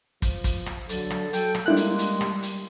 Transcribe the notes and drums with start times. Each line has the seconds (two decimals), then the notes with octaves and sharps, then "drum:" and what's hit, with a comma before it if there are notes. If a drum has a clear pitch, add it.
0.22 F3, drum: kick, hi-hat
0.44 drum: kick, hi-hat
0.66 drum: rim click
0.89 D3 F#3 A4, drum: hi-hat
1.10 drum: rim click
1.33 F#3 A4 G5, drum: hi-hat
1.54 drum: rim click
1.66 G3 G#3 A#3 D4 E4 F#6
1.77 drum: hi-hat
1.99 drum: hi-hat
2.21 drum: rim click
2.43 drum: hi-hat